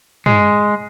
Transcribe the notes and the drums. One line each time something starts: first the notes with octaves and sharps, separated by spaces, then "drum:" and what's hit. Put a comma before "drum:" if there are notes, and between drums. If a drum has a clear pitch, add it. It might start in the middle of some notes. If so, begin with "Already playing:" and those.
G#3, drum: tom